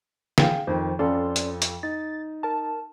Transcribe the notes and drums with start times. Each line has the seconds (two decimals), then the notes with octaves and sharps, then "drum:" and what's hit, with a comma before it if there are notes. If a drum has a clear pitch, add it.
0.38 G#4 F5 G5, drum: snare
0.67 F2 D#3 C5
0.99 F2 C#4 F4 A4 D5 C6
1.36 drum: hi-hat
1.62 drum: hi-hat
1.83 D#4 A6
2.43 A#4 A5